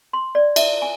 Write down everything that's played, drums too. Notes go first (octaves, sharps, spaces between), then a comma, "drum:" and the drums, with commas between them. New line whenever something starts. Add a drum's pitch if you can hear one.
C6
D5
E5, drum: cymbal
G#5